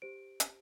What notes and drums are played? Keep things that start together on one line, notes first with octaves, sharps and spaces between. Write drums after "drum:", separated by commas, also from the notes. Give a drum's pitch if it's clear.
G4 C5 D7
drum: hi-hat